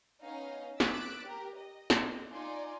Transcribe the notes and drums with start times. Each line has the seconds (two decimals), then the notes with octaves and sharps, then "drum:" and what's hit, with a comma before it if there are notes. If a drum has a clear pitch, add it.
0.23 B3 C#4 D#4 D#5 F5
0.80 D6 E6 F#6 A6 B6 D7, drum: snare
1.25 G4 A#4
1.58 D#5
1.90 drum: snare
2.30 D#4 F4 D5 G#5 C6 D6